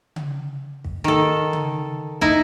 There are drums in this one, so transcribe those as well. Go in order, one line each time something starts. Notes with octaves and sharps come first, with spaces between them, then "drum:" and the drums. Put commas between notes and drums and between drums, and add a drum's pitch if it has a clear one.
drum: tom C#3
drum: kick
D#3 A4
drum: tom C#3
D#4 E4, drum: kick